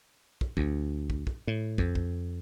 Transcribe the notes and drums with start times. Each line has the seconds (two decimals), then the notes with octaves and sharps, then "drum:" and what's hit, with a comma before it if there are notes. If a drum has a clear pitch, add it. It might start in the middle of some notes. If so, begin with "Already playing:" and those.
0.41 drum: kick
0.57 D2, drum: kick
1.10 drum: kick
1.27 drum: kick
1.47 A2
1.78 F2, drum: kick
1.95 drum: kick